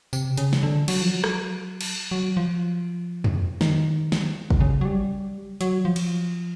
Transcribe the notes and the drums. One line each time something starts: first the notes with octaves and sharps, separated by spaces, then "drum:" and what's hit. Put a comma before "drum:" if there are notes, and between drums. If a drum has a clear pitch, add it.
C3, drum: tambourine
C#3, drum: hi-hat
drum: snare
D3
F#3, drum: cymbal
F3
F#3
drum: rim click
drum: cymbal
F#3
F3
drum: tom E2
D#3, drum: snare
drum: snare
drum: kick
C#3
F#3
G3
F#3, drum: hi-hat
F3
drum: cymbal